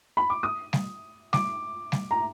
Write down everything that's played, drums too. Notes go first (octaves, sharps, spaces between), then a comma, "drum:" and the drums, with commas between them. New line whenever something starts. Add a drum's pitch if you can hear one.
B5
D6
D#6
drum: snare G3
D6, drum: snare G3
drum: snare G3
A#5